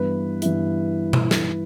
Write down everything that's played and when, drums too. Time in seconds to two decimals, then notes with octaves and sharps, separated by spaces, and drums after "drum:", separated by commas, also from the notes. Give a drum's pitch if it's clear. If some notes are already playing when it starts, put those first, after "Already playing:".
Already playing: G2 E3 B3 E4 B4
0.42 G2 E3 B3 E4, drum: hi-hat
1.13 drum: tom B2
1.31 drum: snare